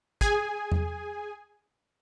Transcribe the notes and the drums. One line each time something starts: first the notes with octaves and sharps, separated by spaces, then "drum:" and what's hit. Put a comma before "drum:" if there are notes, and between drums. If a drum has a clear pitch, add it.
G#4 G#5, drum: kick
drum: tom E2